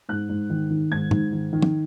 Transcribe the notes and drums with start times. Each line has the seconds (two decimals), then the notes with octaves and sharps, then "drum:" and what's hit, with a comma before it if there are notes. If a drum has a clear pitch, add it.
0.09 G#2 F#6
0.29 G#2
0.50 D#3
0.70 D#3
0.91 G#2 G#6
1.11 G#2, drum: tom G#2
1.32 D#3
1.53 D#3
1.62 drum: tom